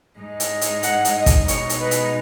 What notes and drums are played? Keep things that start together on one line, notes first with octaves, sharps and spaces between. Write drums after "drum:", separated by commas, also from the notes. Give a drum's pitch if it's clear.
G#2 G#3 D#4
drum: hi-hat
drum: hi-hat
F#5, drum: hi-hat
drum: hi-hat
D#5
drum: kick, hi-hat
B2 G#3 B3 D#4 C#5, drum: hi-hat
drum: hi-hat
B4
drum: hi-hat